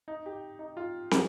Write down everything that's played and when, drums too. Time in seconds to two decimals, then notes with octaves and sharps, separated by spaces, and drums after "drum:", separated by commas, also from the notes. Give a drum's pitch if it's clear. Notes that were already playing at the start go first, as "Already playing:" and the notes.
0.08 D#4
0.26 G4
0.59 D#4
0.77 F4
1.11 F4, drum: snare